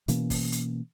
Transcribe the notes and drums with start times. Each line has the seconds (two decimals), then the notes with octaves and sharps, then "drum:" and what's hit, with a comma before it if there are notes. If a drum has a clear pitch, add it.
0.08 B2 E3 A#3 C#4, drum: hi-hat
0.30 drum: kick, open hi-hat
0.52 drum: hi-hat